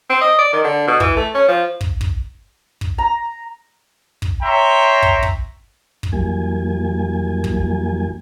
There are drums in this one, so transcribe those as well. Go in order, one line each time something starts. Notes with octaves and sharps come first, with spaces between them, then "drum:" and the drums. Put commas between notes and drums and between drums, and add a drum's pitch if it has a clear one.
C4
D#5
D5
D#3
D3
B2
E3, drum: kick
A3
C#4
F3
drum: kick
drum: kick
drum: kick
A#5
drum: kick
C#5 E5 G5 A#5 C6 C#6
drum: kick
drum: kick
drum: kick
F2 E3 F#3 G3 A#3 G#5
drum: kick